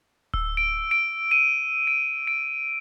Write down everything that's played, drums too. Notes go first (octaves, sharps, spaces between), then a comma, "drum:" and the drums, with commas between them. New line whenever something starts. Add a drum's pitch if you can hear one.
E6, drum: kick D1
D7
D7
D#7
D7
D7